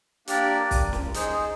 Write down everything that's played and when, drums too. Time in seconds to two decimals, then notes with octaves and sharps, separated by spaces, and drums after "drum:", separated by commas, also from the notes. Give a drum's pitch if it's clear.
0.28 A#3 D4 G4 A#4 D5, drum: hi-hat
0.71 drum: kick, open hi-hat
0.93 drum: snare
1.14 D#4 G#4 C5, drum: hi-hat